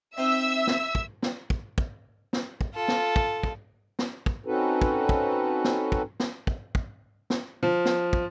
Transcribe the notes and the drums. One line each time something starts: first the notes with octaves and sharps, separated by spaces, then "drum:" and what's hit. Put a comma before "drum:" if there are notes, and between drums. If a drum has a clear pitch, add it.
C4 D#4 C5 E5 E6
drum: snare
drum: kick
drum: snare
drum: kick
drum: kick
drum: snare
drum: kick
F4 A4
drum: snare
drum: kick
drum: kick
drum: snare
drum: kick
C4 C#4 D#4 F#4 A4 B4
drum: kick
drum: kick
drum: snare
drum: kick
drum: snare
drum: kick
drum: kick
drum: snare
F3
drum: snare
drum: kick